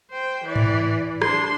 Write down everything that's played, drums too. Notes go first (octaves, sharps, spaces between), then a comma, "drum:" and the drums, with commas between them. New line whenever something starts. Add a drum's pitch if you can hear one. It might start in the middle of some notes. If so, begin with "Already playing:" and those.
C5 G5
E3 D5
drum: tom G#2
D4 C6, drum: rim click